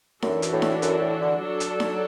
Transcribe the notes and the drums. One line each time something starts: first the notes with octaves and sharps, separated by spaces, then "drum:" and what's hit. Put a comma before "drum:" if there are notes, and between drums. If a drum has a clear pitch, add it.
F#2 E3 D4 F#4 A4, drum: snare D#4
drum: hi-hat
A2
drum: snare D#4
F#2, drum: hi-hat
A2
D3
F#3 D4 A4
drum: hi-hat
drum: snare D#4